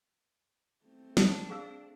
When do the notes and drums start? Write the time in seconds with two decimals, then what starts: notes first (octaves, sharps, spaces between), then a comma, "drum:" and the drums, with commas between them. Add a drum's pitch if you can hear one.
0.85 A3 C4
1.17 D4 A5 D#6, drum: snare
1.50 G#4 F5 E6